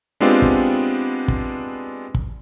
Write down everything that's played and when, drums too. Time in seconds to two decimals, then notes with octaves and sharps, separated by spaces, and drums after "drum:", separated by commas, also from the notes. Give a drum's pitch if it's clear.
0.20 G#3 B3 C4 D4 F4 G4
0.42 drum: kick
1.28 drum: kick
2.15 drum: kick